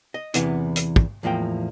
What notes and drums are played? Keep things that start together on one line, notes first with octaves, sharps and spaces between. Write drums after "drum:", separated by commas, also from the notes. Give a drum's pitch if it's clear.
D#5
E2 G2 C3 E3 B3 E4, drum: hi-hat
drum: hi-hat
drum: kick
E2 A2 F3 A#3 G5